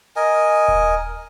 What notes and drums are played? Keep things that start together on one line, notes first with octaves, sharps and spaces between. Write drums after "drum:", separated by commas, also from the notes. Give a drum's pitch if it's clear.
A#4 D#5 G#5
drum: kick D#1